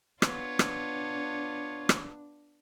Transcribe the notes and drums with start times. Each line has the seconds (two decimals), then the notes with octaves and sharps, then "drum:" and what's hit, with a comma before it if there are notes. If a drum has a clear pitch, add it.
0.22 B3 D4 F4 C#5, drum: rim click
0.59 drum: rim click
1.89 drum: rim click